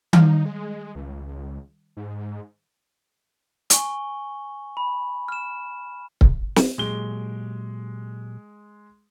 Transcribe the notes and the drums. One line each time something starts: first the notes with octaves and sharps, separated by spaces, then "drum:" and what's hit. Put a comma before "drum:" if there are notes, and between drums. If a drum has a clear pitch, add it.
D#3 G3 D#4 F5, drum: tom D#3
G#3
C#2
G#2
G#5 C#6 G7, drum: hi-hat
B5
F6 E7
drum: kick C#1
drum: snare
A#2 F#3 G#3 G4 G7